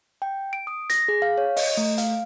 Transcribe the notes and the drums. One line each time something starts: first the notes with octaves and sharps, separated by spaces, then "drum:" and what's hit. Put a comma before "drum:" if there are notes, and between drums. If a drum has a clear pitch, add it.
G5
D7
D#6
A#6, drum: hi-hat
G#4
F5
C#5
D#5, drum: open hi-hat
A3
F5, drum: hi-hat